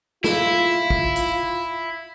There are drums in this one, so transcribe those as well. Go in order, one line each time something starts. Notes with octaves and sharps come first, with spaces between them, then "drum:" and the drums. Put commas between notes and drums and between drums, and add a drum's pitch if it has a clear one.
E4 F4, drum: snare
drum: kick
drum: hi-hat